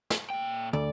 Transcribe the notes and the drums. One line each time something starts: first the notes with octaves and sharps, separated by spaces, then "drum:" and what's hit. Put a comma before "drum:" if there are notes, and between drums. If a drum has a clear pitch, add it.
drum: snare
A#2 G5
D2 D5